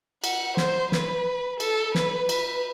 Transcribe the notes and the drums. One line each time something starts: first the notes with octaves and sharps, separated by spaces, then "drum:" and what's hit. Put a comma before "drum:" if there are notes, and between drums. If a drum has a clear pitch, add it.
F#5, drum: cymbal
C5, drum: snare
B4, drum: snare
A4, drum: cymbal
B4, drum: snare
B4, drum: cymbal